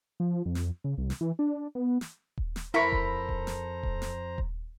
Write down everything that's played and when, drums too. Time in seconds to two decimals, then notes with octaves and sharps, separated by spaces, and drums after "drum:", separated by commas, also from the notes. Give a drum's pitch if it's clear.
0.20 F3
0.46 F2
0.55 drum: snare
0.84 C#3
0.98 C2
1.10 drum: snare
1.21 E3
1.39 D4
1.75 B3
2.01 drum: snare
2.38 drum: kick D#1
2.56 drum: snare
2.74 F2 E4 A4 A#4 C5 A#5 B5 C#6
2.92 drum: kick D#1
3.29 drum: kick D#1
3.47 drum: snare
3.83 drum: kick D#1
4.02 drum: snare
4.38 drum: kick D#1